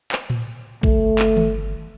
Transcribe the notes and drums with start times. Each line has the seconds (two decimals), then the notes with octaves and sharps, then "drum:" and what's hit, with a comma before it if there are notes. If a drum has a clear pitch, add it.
0.12 drum: clap
0.30 drum: tom A2
0.83 G1 A3, drum: kick A#1
1.19 drum: clap
1.37 drum: tom D#3